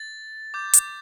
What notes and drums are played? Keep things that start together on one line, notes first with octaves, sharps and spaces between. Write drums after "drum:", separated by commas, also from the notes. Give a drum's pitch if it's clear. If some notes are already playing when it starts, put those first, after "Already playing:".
Already playing: A6
D6 G6
drum: hi-hat